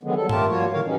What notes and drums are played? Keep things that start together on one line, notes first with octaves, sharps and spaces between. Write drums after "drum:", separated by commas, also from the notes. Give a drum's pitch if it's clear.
D3 D#3 F#3 G#3 B3
F#3 G3 A4
A3 F4 G4 A#4 A5, drum: tom G2
F3 G3 A#3 F4 F#4 C#5
A2 D3 D#3 A#4 C#5 F5
E3 F#3 G3 C#4 D#4